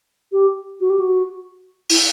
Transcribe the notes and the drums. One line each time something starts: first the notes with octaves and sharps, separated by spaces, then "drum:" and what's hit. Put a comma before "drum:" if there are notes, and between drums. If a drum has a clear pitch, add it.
G4
F#4
G4
F#4
E4, drum: open hi-hat